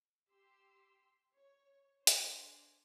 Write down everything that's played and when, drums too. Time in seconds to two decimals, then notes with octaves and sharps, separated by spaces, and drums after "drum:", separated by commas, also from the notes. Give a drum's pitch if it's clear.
0.30 G4 C6 E6
1.37 C#5
2.07 D4 C5 D5 G#5 C6, drum: hi-hat